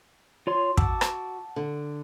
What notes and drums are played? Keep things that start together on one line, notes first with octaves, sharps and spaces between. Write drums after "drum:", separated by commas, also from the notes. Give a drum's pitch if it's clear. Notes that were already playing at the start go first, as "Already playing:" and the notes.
F4 C#5 C6
F#4 A5 D6 E6, drum: kick
drum: rim click
D3